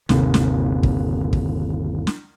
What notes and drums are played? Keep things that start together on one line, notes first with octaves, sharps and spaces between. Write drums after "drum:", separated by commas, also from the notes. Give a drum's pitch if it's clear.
G1 D#2 C3 D#3, drum: snare
drum: snare
drum: kick
drum: kick
drum: snare